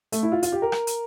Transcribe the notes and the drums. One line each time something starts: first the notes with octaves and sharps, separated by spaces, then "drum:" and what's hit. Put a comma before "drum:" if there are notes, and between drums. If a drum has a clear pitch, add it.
A3, drum: hi-hat
E4
F4
F4, drum: hi-hat
G4
A#4
drum: rim click
drum: hi-hat